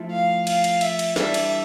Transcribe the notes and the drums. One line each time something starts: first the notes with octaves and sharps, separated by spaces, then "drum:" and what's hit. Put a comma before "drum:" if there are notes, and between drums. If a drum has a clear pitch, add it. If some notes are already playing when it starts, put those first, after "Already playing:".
Already playing: F3 A3 E4 A4
F5
F5, drum: cymbal
drum: cymbal
E5, drum: cymbal
drum: cymbal
E3 G3 D4 A4 E5, drum: snare
drum: cymbal